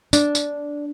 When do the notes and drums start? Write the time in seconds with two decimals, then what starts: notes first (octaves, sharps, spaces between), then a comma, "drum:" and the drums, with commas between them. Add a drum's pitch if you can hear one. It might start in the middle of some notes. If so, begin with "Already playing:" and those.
0.13 D4, drum: tambourine
0.35 drum: tambourine